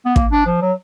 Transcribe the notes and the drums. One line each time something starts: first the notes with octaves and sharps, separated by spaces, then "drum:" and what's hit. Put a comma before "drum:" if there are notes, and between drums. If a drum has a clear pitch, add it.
B3
A#3, drum: kick
D4
F3
F#3